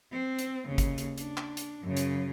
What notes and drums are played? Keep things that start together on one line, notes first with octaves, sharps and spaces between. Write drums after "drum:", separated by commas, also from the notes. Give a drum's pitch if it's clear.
C4
drum: hi-hat
D#2 C#3
drum: kick G1, hi-hat
drum: hi-hat
D4, drum: hi-hat
drum: clap
drum: hi-hat
F#2 C#3
drum: hi-hat